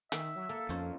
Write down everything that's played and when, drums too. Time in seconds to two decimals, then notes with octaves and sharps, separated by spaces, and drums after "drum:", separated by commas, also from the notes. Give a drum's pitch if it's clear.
0.12 D#3 E5, drum: hi-hat
0.36 F#3
0.49 A#3 A4
0.69 F2 C#4 D#4 C5